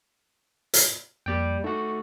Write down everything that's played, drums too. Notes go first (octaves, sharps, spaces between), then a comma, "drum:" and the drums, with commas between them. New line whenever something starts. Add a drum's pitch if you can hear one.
drum: hi-hat
F2 G3 A#3 D5 G5
A3 D#4 F#4